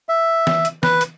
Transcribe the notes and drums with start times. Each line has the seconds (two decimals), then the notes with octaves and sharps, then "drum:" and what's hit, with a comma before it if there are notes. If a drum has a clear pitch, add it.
0.09 E5
0.47 drum: snare E3
0.65 drum: hi-hat
0.83 B4, drum: snare E3
1.01 drum: hi-hat